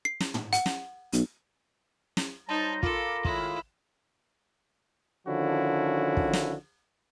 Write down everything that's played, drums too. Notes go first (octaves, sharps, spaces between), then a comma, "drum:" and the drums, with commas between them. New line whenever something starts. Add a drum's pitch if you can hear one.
C7
drum: snare
drum: tom
F#5, drum: hi-hat
drum: snare
B1, drum: hi-hat
drum: snare
F#3 G3 D#4 C5 A5 A#5
F4 A4 A#4 B5 D6, drum: kick
A2 D#3 G#3 E4 F4, drum: kick
D3 D#3 F3 C#4 E4 F#4
drum: kick
drum: snare